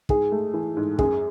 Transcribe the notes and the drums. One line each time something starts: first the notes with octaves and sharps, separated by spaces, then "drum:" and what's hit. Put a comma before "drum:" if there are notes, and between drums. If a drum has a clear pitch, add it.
G#2 G#4, drum: kick
A3
E3
G#2
F#2 G#4, drum: kick